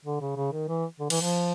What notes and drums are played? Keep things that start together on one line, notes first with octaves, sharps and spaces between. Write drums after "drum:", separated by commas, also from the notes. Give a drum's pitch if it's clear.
D3
C#3
C#3
D#3
E3
D3
E3, drum: cymbal
F3